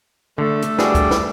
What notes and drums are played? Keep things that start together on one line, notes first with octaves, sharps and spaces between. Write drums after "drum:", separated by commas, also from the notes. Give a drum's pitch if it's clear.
D3 A3
drum: hi-hat
G3 D4 F#4 G#4, drum: snare
drum: kick, hi-hat
drum: snare